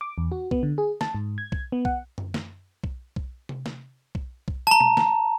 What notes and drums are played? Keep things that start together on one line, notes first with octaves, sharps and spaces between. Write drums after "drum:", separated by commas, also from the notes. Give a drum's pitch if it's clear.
D6
E2
F#4
B3, drum: kick B1
D3
G#4
A5, drum: snare
G#2
G#6
drum: kick B1
B3
F#5, drum: kick B1
drum: tom F#2
drum: snare
drum: kick B1
drum: kick B1
drum: tom C3
drum: snare
drum: kick B1
drum: kick B1
A5 A#5
drum: tom B2
drum: snare